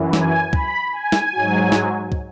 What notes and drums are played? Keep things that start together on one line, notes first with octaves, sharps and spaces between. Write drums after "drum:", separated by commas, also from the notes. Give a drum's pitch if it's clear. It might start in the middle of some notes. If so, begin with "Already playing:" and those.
Already playing: F#2 E3
G#5, drum: snare
B5, drum: kick
G#5
drum: snare
G#2 F#3
drum: snare
drum: kick